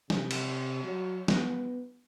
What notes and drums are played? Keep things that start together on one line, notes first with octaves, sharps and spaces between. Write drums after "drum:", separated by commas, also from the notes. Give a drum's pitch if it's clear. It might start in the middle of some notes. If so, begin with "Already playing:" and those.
C3, drum: snare
drum: cymbal
F#3
B3, drum: snare